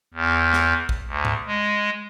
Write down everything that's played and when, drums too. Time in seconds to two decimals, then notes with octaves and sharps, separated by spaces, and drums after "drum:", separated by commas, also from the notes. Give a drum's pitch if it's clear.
0.14 E2
0.53 drum: snare
0.89 drum: kick A1
1.07 D2
1.25 drum: tom G#2
1.47 G#3